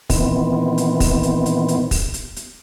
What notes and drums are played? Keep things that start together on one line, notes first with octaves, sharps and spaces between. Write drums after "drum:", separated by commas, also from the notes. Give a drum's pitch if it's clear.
A#2 D#3 E3 B3 C4, drum: kick, open hi-hat
drum: hi-hat
drum: kick, open hi-hat
drum: hi-hat
drum: hi-hat
drum: hi-hat
drum: kick, open hi-hat
drum: hi-hat
drum: hi-hat